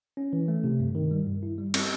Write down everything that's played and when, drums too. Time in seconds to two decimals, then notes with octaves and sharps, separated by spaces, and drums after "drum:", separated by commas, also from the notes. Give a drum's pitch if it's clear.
0.17 C#4
0.33 E3
0.48 A3
0.64 C3
0.80 G2
0.95 D#3
1.11 G3
1.26 G2
1.43 E4
1.58 G3
1.74 C4, drum: cymbal